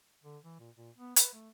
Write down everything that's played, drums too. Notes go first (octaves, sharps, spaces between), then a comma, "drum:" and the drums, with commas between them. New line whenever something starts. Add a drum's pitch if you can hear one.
D3
E3
A#2
A#2
B3
B4, drum: hi-hat
A3